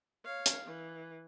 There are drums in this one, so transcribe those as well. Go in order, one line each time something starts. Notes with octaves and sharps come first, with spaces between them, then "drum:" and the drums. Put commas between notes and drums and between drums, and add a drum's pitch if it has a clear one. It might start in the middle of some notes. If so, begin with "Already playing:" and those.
C#5 F5
drum: hi-hat
E3